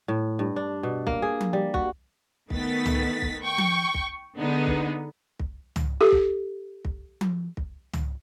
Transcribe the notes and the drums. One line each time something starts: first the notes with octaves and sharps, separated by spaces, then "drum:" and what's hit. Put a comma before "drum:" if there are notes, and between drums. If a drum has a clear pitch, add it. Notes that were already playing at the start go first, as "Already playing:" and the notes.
A2
G2
D4
B2
A#3, drum: kick
G#4
drum: tom F3
G3
F#4, drum: kick
D#3 A3 B3 A6 B6, drum: kick
drum: tom
drum: kick
G5 C#6
drum: tom F3
drum: kick
D3 G#3 B3 D#4
drum: kick
drum: kick
drum: tom
G4 A4
drum: kick
drum: kick
drum: tom F3
drum: kick
drum: tom